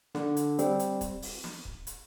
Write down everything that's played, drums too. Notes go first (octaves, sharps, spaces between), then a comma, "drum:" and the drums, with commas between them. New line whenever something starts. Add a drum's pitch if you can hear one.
D3, drum: snare
drum: hi-hat
G3 C4, drum: hi-hat
drum: hi-hat
drum: kick, hi-hat
drum: open hi-hat
drum: snare
drum: kick
drum: hi-hat